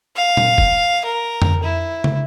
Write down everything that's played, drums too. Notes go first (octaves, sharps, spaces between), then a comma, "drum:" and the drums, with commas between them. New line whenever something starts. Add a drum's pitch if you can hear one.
F5
drum: tom
drum: kick F#1
A#4
drum: tom F2
E4
drum: tom